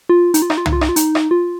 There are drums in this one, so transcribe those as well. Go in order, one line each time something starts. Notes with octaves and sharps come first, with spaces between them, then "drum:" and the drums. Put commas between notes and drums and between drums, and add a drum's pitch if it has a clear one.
F4
D#4, drum: hi-hat
F4
D#4, drum: rim click
F4
D#4, drum: tom
F4
D#4, drum: rim click
F4
D#4, drum: hi-hat
drum: rim click
F4